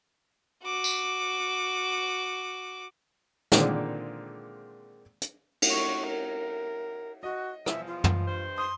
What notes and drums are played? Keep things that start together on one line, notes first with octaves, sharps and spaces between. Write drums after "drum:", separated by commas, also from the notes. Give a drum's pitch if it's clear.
F#4 D6
drum: tambourine
A#2 D3 D#3 G#3 A#3 C4, drum: snare
drum: hi-hat
drum: cymbal
C#6
A#4
F#4 D#5
E2 F3 E5, drum: rim click
F4
drum: tom
G2 C5
C6 D#6